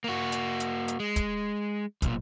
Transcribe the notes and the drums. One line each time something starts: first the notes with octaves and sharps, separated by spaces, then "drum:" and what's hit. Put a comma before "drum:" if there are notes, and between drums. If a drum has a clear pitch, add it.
A#3 F#4
drum: hi-hat
drum: hi-hat
drum: hi-hat
G#3
drum: kick, hi-hat
B1 A#2, drum: kick, hi-hat